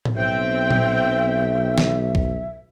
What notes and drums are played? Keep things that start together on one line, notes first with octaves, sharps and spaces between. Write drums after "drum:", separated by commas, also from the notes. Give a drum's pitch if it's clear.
drum: tom A2
B1 C4 E5 G5
drum: tom A#2
drum: snare
drum: kick